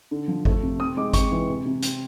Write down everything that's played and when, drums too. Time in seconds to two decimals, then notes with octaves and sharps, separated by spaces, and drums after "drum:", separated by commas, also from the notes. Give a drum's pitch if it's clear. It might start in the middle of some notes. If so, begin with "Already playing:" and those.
0.11 D3
0.28 F3
0.45 A3, drum: kick G#1
0.62 C3
0.79 C4 D#6
0.97 G#3 D6
1.13 C4 C#6, drum: kick G#1, hi-hat
1.32 E3
1.49 C3
1.66 C3
1.83 C4, drum: hi-hat